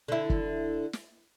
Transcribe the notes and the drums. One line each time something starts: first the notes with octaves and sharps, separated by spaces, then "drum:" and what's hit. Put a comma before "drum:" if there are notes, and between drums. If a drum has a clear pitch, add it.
D3 E4
drum: kick
drum: snare